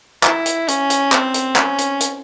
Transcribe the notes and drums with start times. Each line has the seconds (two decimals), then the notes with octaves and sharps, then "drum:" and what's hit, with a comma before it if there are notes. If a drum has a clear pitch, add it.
0.23 E4, drum: clap
0.46 drum: hi-hat
0.68 C#4, drum: hi-hat
0.90 drum: hi-hat
1.12 C4, drum: clap
1.34 drum: hi-hat
1.56 C#4, drum: clap
1.78 drum: hi-hat
2.00 drum: hi-hat